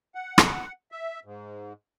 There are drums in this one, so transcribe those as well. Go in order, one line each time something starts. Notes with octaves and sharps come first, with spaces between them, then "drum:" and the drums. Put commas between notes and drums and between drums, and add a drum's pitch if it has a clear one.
F#5
drum: rim click
E5
G#2